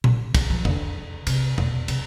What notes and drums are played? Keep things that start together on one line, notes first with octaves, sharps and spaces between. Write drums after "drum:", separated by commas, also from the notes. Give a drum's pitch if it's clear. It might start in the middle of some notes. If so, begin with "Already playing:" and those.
D3, drum: tom A#2
D3, drum: kick, cymbal
F3
D3, drum: tom E2
C3, drum: cymbal
B2, drum: tom E2
C3, drum: cymbal